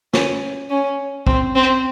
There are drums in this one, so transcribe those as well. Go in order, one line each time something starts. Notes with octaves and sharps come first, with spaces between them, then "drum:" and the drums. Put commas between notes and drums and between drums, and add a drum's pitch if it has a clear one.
C#4, drum: snare
C#4
C4, drum: kick
C4